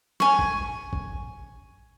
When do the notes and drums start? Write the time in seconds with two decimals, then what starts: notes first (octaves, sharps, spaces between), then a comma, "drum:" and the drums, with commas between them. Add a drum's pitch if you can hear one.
0.20 G#5 C#6, drum: snare
0.39 drum: kick
0.93 drum: kick